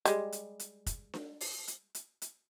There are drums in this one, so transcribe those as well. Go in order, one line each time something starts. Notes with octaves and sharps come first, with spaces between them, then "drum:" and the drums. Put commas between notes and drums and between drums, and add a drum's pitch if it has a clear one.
G3 G#3, drum: hi-hat
drum: hi-hat
drum: hi-hat
drum: kick, hi-hat
drum: snare D4
drum: open hi-hat
drum: hi-hat
drum: hi-hat
drum: hi-hat